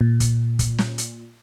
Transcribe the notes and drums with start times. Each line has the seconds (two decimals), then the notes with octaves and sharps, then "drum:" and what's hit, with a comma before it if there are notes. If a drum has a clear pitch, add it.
0.01 A#2
0.20 drum: kick, hi-hat
0.59 drum: kick, hi-hat
0.78 drum: snare
0.98 drum: hi-hat